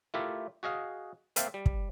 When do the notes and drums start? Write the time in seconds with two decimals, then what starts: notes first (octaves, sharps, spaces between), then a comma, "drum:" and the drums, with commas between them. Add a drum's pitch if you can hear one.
0.14 A3 E4 F4 G4 A#4 E5
0.63 F#4 G#4 D#5 F5
1.36 A#3 C4 E5 F5 G5 A5, drum: hi-hat
1.54 G3
1.66 drum: kick